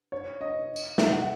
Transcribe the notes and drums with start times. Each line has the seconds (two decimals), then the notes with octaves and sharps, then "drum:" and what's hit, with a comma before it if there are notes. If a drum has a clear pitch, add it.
0.12 C#5
0.41 D#5
0.76 drum: tambourine
0.98 E5, drum: snare
1.13 F#5